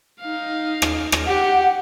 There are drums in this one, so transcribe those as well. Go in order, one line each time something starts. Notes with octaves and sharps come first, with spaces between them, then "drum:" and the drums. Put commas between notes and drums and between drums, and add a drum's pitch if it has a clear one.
D#4 F5
drum: rim click
drum: rim click
G4 F#5